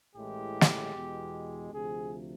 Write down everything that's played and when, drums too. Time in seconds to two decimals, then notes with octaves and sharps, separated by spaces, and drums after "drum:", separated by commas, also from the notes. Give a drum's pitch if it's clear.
0.16 A1 A2 E3 G#3 G4
0.61 drum: snare
0.94 E2 B2 G#3
1.72 D2 C3 F3 G#4